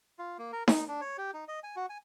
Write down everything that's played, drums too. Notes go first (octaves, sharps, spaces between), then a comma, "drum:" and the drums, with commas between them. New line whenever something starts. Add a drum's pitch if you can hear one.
F4
A#3
A#4
D#4, drum: snare D#4
D4
C#5
G4
D#4
D#5
G#5
F#4
G#5